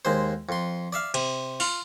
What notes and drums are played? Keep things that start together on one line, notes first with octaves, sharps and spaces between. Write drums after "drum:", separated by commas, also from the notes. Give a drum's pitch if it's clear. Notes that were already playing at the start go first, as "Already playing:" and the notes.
D#2 G#3 C5
F2 C6
D5 E5 F5
C3, drum: cymbal
F4, drum: open hi-hat